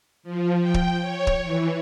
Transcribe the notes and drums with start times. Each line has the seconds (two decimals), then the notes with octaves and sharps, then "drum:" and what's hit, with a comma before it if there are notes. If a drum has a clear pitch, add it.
0.23 F3
0.59 G5
0.74 drum: kick
1.01 C#5
1.27 drum: kick
1.42 E3